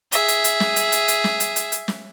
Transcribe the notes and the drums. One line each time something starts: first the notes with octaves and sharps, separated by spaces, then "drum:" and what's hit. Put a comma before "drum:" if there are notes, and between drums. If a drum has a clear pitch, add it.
G#4 E5, drum: hi-hat
drum: hi-hat
drum: hi-hat
drum: snare
drum: hi-hat
drum: hi-hat
drum: hi-hat
drum: snare
drum: hi-hat
drum: hi-hat
drum: hi-hat
drum: snare